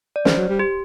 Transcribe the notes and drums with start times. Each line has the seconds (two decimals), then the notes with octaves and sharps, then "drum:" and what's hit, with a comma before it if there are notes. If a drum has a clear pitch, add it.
0.16 D5
0.25 D#3 C5, drum: snare
0.37 F#3
0.49 G3
0.59 G4